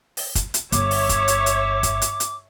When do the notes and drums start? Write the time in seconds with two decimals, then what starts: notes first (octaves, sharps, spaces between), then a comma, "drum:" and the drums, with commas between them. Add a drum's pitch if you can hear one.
0.17 drum: open hi-hat
0.35 drum: kick, hi-hat
0.54 drum: hi-hat
0.72 G1 C#5 E5 D6, drum: hi-hat
0.91 drum: open hi-hat
1.09 drum: kick, hi-hat
1.28 drum: hi-hat
1.46 drum: hi-hat
1.83 drum: kick, hi-hat
2.02 drum: hi-hat
2.20 drum: hi-hat